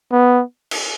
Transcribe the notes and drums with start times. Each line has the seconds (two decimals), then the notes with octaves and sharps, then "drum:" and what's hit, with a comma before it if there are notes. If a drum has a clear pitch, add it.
0.12 B3
0.71 drum: cymbal